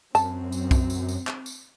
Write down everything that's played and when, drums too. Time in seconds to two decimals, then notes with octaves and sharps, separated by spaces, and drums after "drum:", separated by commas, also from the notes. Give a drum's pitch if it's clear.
0.15 F#2 C4 A5, drum: tambourine
0.52 drum: tambourine
0.71 drum: kick B1, tambourine
0.90 drum: tambourine
1.08 drum: tambourine
1.27 drum: clap
1.46 drum: tambourine